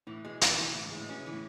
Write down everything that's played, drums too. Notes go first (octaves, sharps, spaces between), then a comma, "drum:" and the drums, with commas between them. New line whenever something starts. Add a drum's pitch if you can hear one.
A2 E3
B2 G#3
B2 E3, drum: hi-hat
B2 E3
A2 E3
G#2
G#3
A2
B2 C#4
C#3
E3
A2